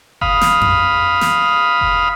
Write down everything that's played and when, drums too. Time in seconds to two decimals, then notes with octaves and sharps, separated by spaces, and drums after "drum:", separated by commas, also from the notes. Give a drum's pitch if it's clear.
0.21 F5 B5 D#6, drum: kick F#1
0.41 drum: snare
0.61 drum: tom F2
1.21 drum: snare
1.81 drum: kick F#1